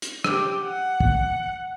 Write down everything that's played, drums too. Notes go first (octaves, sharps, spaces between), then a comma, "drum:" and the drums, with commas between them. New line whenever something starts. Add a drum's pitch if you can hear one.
drum: hi-hat
G4, drum: rim click
F#5
drum: kick